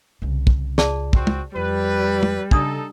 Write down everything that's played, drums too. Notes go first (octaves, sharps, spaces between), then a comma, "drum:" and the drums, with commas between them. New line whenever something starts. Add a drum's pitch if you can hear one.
C2 C#3
drum: kick
C#2 G#4 D5 A5, drum: snare
C4 F#4, drum: kick
drum: tom
F2 G3 B4
drum: tom
C#3 D4 D#4 A4 D#6, drum: kick